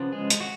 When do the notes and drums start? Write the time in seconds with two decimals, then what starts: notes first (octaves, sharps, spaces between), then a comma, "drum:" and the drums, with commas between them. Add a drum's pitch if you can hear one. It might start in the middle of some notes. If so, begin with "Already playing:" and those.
Already playing: C#3 F3 B3 D4
0.12 G#3 G#4
0.30 drum: hi-hat
0.40 F#4